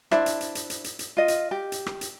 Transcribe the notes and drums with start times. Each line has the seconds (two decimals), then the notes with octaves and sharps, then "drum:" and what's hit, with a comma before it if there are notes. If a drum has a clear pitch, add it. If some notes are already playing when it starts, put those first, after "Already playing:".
0.11 D4 E4 C5, drum: rim click
0.26 drum: hi-hat
0.41 drum: hi-hat
0.55 drum: hi-hat
0.70 drum: hi-hat
0.84 drum: hi-hat
0.99 drum: hi-hat
1.17 F4 D#5
1.28 drum: hi-hat
1.51 G4
1.72 drum: hi-hat
1.86 drum: rim click
2.01 drum: hi-hat